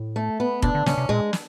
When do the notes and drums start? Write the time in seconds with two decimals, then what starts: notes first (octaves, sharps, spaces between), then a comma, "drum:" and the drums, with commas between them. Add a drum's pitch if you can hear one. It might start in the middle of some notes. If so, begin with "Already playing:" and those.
Already playing: A2
0.16 A3
0.40 B3
0.62 A#2 D4, drum: kick F1
0.75 D3
0.86 C#3 C#4, drum: snare
0.98 C3
1.09 A#2 G#3
1.33 drum: snare